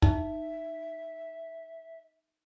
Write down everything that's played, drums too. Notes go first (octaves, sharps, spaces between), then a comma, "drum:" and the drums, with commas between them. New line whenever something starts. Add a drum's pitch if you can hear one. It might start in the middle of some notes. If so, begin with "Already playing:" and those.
D#4 E5, drum: kick